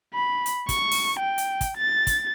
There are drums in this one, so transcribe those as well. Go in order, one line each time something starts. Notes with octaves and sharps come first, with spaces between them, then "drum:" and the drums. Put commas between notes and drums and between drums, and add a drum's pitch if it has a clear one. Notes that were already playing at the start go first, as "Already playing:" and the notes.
B5
drum: hi-hat
C#6, drum: kick, hi-hat
drum: open hi-hat
G5
drum: hi-hat
drum: kick, hi-hat
A6
drum: kick, hi-hat